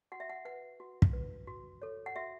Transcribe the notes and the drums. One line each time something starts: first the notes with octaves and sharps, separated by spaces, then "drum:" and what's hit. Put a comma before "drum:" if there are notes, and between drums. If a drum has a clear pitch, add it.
F#4 F#5
E5
F#5
B4 F#5
F#4
drum: kick
B4
F#4
A4 C#5
F#5
F#4 E5